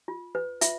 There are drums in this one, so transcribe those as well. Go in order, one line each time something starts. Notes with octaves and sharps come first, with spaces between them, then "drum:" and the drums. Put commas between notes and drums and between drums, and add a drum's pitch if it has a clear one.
F4
B4
F4 E5, drum: hi-hat